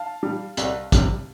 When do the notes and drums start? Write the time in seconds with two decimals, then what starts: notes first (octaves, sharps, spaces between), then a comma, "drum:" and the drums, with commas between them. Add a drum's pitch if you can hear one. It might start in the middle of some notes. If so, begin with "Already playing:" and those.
Already playing: F5 A5
0.23 G3
0.57 C2, drum: hi-hat
0.92 C3 G3, drum: kick, hi-hat